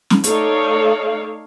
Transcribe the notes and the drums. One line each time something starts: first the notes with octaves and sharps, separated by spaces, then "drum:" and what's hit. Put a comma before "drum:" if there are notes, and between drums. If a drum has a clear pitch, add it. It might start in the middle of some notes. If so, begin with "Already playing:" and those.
drum: snare
A3 D#4 A4 C#5 D5 F5, drum: hi-hat